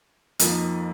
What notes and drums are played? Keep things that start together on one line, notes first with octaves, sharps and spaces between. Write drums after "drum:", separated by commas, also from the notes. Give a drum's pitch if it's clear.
F2 F3 A#3 D#4, drum: hi-hat